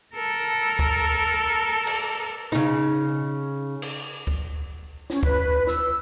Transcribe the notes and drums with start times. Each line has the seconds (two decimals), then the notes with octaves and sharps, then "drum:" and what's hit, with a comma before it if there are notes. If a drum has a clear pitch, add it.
0.15 A4 A#4
0.79 drum: kick D2
1.87 drum: cymbal
2.52 C#3 D#4
3.82 drum: cymbal
4.27 drum: kick D2
5.10 C#4, drum: snare
5.23 B4, drum: kick D2
5.67 E6, drum: snare